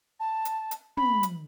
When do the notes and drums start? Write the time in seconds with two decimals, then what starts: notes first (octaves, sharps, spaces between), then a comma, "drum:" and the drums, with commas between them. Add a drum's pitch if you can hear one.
0.20 A5
0.45 drum: hi-hat
0.71 drum: hi-hat
0.97 B5, drum: tom
1.23 drum: hi-hat